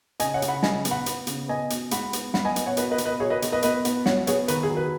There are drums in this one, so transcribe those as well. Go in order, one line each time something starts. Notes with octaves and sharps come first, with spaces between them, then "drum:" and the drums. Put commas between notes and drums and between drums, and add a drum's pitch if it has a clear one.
C#3 D#5 G#5, drum: hi-hat
C#5 F#5
C#3, drum: hi-hat
F#5 B5
C#3 D#5 G#5, drum: snare
B3, drum: hi-hat
F#5 B5
B3, drum: hi-hat
C#3, drum: hi-hat
B3 D#5 G#5
B2, drum: hi-hat
G#3 F#5 B5, drum: hi-hat
B3, drum: hi-hat
B3 F#5 B5, drum: snare
D#5 G#5
B3, drum: hi-hat
C#5 F#5
B2 B4 D#5, drum: hi-hat
B4 D#5
B2, drum: hi-hat
B4 D#5
F#3 G#4 C#5
B4 D#5
B2, drum: hi-hat
B4 D#5
B3 B4 D#5, drum: hi-hat
B3, drum: hi-hat
B2 C#5 F#5, drum: snare
B3 G#4 C#5, drum: hi-hat
D#3 B4, drum: hi-hat
G#4
F#3
B4